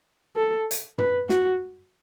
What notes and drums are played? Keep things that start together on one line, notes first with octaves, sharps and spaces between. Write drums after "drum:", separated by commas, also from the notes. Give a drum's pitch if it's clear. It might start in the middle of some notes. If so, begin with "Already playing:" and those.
A4
drum: hi-hat
B4, drum: tom
F#4, drum: snare